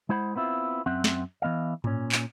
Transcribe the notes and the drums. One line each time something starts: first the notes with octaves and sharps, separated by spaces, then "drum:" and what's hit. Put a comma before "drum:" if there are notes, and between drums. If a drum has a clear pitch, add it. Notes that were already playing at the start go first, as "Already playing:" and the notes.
G#3 E4 C5 F#5 B5
B3 C4 E4 F4
F#2 C4 E5 F#5
drum: snare
E3 B3 D#5 F5
A#2 C#4, drum: tom G#2
drum: clap